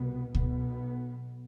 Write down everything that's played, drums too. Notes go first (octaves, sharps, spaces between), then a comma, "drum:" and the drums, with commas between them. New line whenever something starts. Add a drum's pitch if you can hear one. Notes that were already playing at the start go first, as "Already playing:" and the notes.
Already playing: C2 B2 B3
B1 B2 B3, drum: kick C#2